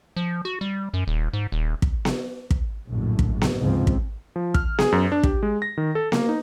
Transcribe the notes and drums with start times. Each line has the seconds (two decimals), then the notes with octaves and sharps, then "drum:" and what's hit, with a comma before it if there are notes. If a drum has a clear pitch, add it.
0.16 F3
0.45 F#4
0.61 G3
0.94 F#2
1.07 D#1
1.33 G#2
1.52 D#1
1.82 drum: kick
2.05 drum: snare B3
2.51 drum: kick
2.89 A#1 F#2 A2 D3
3.19 drum: kick
3.41 drum: snare B3
3.60 D2 G#2 C#3 F3 C4
3.87 drum: kick
4.36 F3
4.54 F6, drum: kick
4.79 G#4, drum: snare B3
4.92 F#2
5.12 D4
5.23 G4, drum: kick
5.43 G#3
5.62 A#6
5.78 D#3
5.95 A4
6.12 A#3, drum: snare B3
6.29 D#4